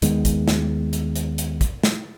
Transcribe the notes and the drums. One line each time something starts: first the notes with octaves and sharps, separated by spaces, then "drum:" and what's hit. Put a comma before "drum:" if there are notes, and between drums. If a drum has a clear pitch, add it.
D#2 D#3 G#3 B3, drum: hi-hat
drum: kick, hi-hat
drum: snare
drum: hi-hat
drum: hi-hat
drum: hi-hat
drum: kick, hi-hat
drum: snare